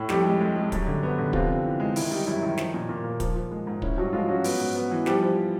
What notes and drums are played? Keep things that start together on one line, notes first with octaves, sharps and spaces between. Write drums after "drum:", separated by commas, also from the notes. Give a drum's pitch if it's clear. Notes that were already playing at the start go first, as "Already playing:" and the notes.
Already playing: A2
F2 G3 G4, drum: snare
G#3
G#3
G#3
F#2, drum: kick, hi-hat
D3
B3
D3
C3 F3 F4, drum: kick
C4
E3
G#3 D#4
D#3 E4, drum: open hi-hat
G3 D#4
F#2 E4
D#3 E4
F3 D#4, drum: snare
A#2 D#4
A#2
A#3
F3, drum: kick, hi-hat
F3
G#3
G#2
C#4 E4, drum: kick
G2 F#3 F#4
F3 G#3 F4
F#3 C#4 F#4
B3, drum: open hi-hat
G#2
B3
E3
F3 G3 G4, drum: snare
F3